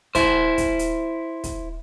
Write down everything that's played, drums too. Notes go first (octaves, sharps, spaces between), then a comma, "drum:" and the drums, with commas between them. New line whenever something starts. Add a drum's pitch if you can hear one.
E4 C5, drum: kick, hi-hat
drum: kick, hi-hat
drum: hi-hat
drum: kick, hi-hat